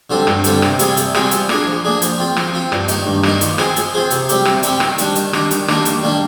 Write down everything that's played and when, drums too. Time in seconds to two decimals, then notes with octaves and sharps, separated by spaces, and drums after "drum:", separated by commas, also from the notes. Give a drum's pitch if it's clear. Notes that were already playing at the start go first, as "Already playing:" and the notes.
0.10 D3 G3 C4 F4
0.27 G2, drum: rim click
0.44 D3 G3 C4 F4, drum: hi-hat
0.62 C3, drum: rim click
0.79 G3 C4 F4 G#4, drum: hi-hat
0.97 C3, drum: hi-hat
1.15 G3 C4 F4 G#4, drum: rim click
1.31 F3, drum: hi-hat
1.49 A#3 D4 G#4, drum: rim click
1.66 F3
1.85 A#3 D4 G#4
2.02 F3, drum: hi-hat
2.18 C4 F4
2.37 F3, drum: rim click
2.54 C4 F4
2.72 G2, drum: rim click
2.88 D#3 A#3 D#4, drum: hi-hat
3.06 G2
3.23 D#3 A#3 D#4, drum: rim click
3.41 F3, drum: hi-hat
3.58 C4 F4 G#4 C5, drum: rim click
3.76 F3, drum: hi-hat
3.93 C4 F4 G#4 C5
4.11 C3, drum: hi-hat
4.29 G3 C4 G4, drum: hi-hat
4.45 C3, drum: rim click
4.63 G3 C4 G4, drum: hi-hat
4.80 D#3, drum: rim click
4.98 G3 D4, drum: hi-hat
5.15 D#3, drum: hi-hat
5.33 G3 D4, drum: rim click
5.51 D#3, drum: hi-hat
5.68 G3 A#3 D4, drum: rim click
5.85 D#3, drum: hi-hat
6.03 G3 A#3 D4